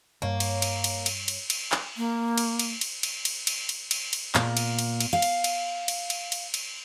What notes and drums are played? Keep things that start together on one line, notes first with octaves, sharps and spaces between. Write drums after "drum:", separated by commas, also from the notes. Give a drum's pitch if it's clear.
G2 A#3 C#5
drum: cymbal
drum: cymbal
drum: cymbal
drum: cymbal
drum: cymbal
drum: cymbal
drum: clap
A#3
drum: cymbal
drum: cymbal
drum: cymbal
drum: cymbal
drum: cymbal
drum: cymbal
drum: cymbal
drum: cymbal
drum: cymbal
A#2, drum: clap
drum: cymbal
drum: cymbal
drum: cymbal
F5
drum: cymbal
drum: cymbal
drum: cymbal
drum: cymbal
drum: cymbal
drum: cymbal